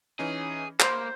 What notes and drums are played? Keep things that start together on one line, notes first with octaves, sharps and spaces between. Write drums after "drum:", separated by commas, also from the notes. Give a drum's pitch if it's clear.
E3 C#4 D#4 G#4
A#3 C5 A#5, drum: clap